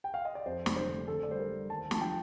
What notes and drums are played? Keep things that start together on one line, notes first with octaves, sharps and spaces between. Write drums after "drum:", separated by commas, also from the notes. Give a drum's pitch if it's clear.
G5
F5
D#5
D5
F2 C5
F1, drum: snare
C5
D3
D3 A4
D5
G3 C5
A#4
G3
D#2 A5
F3 A5, drum: snare
G5